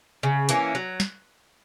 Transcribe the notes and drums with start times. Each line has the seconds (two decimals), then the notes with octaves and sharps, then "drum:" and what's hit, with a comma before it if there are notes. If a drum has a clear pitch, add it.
0.23 C#3
0.49 E3 A#3 C#4, drum: hi-hat
0.75 F#3
1.00 drum: snare